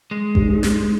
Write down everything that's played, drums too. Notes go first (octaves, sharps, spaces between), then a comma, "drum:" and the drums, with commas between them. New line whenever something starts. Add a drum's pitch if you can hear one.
G#3
G2, drum: kick A1
G#2
G2
G#2
G2, drum: snare
G#2